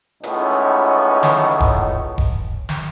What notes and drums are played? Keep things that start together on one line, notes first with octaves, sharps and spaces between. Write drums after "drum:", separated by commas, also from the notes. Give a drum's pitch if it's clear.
C#2 A2 B3 C#4 D#4, drum: hi-hat
drum: snare
drum: kick E1
drum: kick E1
drum: snare